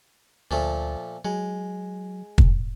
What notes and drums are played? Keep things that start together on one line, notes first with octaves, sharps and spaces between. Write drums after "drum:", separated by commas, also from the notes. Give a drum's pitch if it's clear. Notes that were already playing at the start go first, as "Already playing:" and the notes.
D2 A#2 F3 A3
F#3 G#3
drum: kick